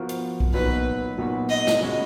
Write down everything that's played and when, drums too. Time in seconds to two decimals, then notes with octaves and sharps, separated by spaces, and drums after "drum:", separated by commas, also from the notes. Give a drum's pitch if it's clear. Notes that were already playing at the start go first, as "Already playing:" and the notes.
Already playing: F3 B3 F#4 A#4
0.09 drum: hi-hat
0.40 drum: kick B1
0.53 A#2 F#3 B3 D#4 F#4 B4
1.18 A#2 F#3 B3 D#4 F#4
1.50 D#5
1.67 drum: snare
1.82 G#3 C#4 F#4 B4